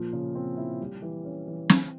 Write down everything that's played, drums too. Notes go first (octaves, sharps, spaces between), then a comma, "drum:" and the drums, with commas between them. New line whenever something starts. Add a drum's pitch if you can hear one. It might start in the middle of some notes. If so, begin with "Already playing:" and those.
Already playing: A#2 F3
C#3
C4
E4
G3
E3
C#4
E3
C4, drum: snare